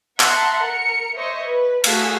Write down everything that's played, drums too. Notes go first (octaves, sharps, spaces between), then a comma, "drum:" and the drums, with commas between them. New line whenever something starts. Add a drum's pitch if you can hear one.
E5 F#5 A5 A#5 C6, drum: clap
A#4 C#7
C5 C#5 D#5 E5 C#6
B4
A3 F#4 G#4 F5 E6 B6, drum: cymbal